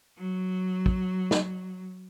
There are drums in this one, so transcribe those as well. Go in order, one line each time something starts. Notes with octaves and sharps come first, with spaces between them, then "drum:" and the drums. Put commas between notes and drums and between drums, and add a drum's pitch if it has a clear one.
F#3
drum: kick
drum: snare